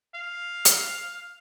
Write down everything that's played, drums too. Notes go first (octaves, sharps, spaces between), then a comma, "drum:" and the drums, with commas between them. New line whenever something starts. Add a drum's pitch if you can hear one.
F5
drum: hi-hat